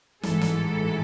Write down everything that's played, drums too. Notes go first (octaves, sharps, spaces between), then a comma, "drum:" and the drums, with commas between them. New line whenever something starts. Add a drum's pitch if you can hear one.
A1 G#2 E3 G#3 A4, drum: snare
drum: snare